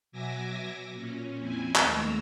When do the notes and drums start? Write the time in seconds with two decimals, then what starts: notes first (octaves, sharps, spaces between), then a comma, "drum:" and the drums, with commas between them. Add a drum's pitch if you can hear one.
0.12 B2 F#3 E5 G#5 D6 A#6
0.92 A#2 C#4
1.39 F2 C4 E4 G#5
1.76 D#2 G#3 A3 A#5 E6, drum: clap